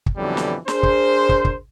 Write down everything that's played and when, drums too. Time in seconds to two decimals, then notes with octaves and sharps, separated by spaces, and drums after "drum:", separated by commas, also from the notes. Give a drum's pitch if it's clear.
0.06 drum: kick
0.17 F2 B2 D3 E3 F#3 G3
0.37 drum: snare
0.68 D4 G#4 A#4 C5, drum: snare
0.83 drum: kick
1.29 drum: kick
1.45 drum: kick